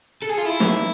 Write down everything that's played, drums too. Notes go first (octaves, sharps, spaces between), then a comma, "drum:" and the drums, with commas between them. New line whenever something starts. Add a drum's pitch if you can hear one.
A4
G#4
F4
E4
drum: snare